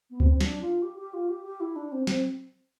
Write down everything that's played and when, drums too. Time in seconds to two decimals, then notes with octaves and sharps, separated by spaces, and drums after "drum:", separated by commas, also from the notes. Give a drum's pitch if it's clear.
0.10 B3
0.20 C4, drum: kick D2
0.32 C4
0.41 D4, drum: snare
0.61 F4
0.82 G4
0.98 G4
1.14 F4
1.29 G4
1.45 G4
1.60 E4
1.76 D4
1.92 C4
2.07 C4, drum: snare